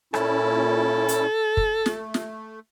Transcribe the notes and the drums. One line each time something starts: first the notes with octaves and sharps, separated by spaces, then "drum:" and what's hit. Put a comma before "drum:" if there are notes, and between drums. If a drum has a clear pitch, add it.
A#2 C#4 E4 A4, drum: rim click
drum: hi-hat
drum: kick
A3, drum: snare
drum: snare